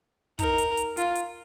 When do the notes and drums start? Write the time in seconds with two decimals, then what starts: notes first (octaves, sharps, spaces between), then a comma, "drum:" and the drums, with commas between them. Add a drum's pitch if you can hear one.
0.39 D#4 A#4, drum: kick, hi-hat
0.58 drum: hi-hat
0.77 drum: hi-hat
0.97 F4, drum: hi-hat
1.15 drum: hi-hat